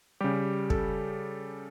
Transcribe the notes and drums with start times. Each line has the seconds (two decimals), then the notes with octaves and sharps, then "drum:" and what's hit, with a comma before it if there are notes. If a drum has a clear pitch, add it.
0.21 C#3 G3 G4
0.70 A4, drum: kick